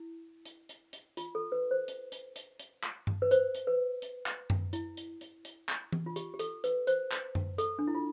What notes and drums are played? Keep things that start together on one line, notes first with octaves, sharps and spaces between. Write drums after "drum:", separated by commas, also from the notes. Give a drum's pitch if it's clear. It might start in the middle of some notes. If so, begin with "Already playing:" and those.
Already playing: E4
drum: hi-hat
drum: hi-hat
drum: hi-hat
F4, drum: hi-hat
A4
B4
C5
drum: hi-hat
drum: hi-hat
drum: hi-hat
drum: hi-hat
drum: clap
drum: tom G2
B4
C5, drum: hi-hat
drum: hi-hat
B4
drum: hi-hat
drum: clap
drum: tom F#2
E4, drum: hi-hat
drum: hi-hat
drum: hi-hat
drum: hi-hat
drum: clap
drum: tom E3
F4
G4, drum: hi-hat
G4
A4, drum: hi-hat
B4, drum: hi-hat
C5, drum: hi-hat
drum: clap
drum: tom F#2
A4, drum: hi-hat
D4
E4
F4